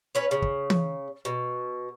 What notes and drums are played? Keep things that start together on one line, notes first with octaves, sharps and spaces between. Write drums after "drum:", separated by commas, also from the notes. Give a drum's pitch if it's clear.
C#4 B4 C#5
C#3
drum: kick
drum: tom
B2